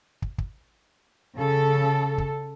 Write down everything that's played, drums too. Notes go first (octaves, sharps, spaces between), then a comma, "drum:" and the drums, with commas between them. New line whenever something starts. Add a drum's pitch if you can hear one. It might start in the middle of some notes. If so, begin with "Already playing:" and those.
drum: kick
drum: kick
C#3 A4
drum: kick